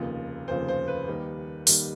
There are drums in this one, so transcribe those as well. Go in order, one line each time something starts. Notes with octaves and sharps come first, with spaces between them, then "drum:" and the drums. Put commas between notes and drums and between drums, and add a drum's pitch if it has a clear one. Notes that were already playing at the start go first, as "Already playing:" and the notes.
Already playing: F1 D#2 C#3 F3
F1 D#2 C#3 F3 C5
C5
B4
D#2 D#3 G3
D#2 D#3 G3, drum: open hi-hat